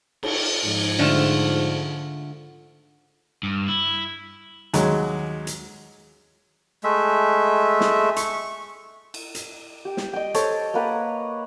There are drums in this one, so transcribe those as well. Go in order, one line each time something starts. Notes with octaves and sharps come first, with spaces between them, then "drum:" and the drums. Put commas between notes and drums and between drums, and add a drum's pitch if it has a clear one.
drum: cymbal
G#2 F3
D3 A3 F4
G2
E4
D#2 F#3 G#3, drum: hi-hat
drum: hi-hat
G#3 A3 E5
drum: snare
C#6, drum: hi-hat
drum: cymbal
drum: hi-hat
G4
drum: snare
D#5 G5
A4 C5 C#5, drum: hi-hat
A#3 B4 F#5 A#5